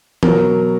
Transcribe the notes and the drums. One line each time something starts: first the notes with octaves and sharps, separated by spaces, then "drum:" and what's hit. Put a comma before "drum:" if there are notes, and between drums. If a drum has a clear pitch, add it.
B2 F#3 A#4, drum: tom E3